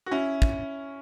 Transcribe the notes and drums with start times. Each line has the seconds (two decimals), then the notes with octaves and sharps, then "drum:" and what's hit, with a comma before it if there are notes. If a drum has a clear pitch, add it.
0.06 F#4
0.11 C#4 E4
0.42 drum: kick